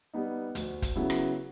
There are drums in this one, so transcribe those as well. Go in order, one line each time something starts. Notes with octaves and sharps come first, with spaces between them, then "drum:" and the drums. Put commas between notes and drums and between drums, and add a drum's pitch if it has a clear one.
G3 B3 D#4
D2, drum: hi-hat
drum: kick, hi-hat
C#3 F#3 B3 E4
drum: rim click